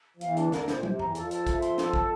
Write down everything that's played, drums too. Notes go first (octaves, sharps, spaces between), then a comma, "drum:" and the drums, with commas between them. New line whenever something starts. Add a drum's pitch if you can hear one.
F3
E2 E3 F5, drum: hi-hat
D4, drum: hi-hat
D2 D3
A#4, drum: snare
A#2 C5, drum: snare
C3 C5, drum: tom
E2 E3 A#5, drum: tom E2
F2 F3 A4, drum: hi-hat
A4, drum: hi-hat
E5, drum: kick, hi-hat
C6, drum: hi-hat
A4, drum: snare
A5, drum: kick